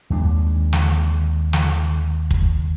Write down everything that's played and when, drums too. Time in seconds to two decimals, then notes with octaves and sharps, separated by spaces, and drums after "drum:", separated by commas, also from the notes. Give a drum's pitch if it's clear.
0.10 D#2 G#3 D4
0.73 drum: snare
1.53 drum: snare
2.31 drum: kick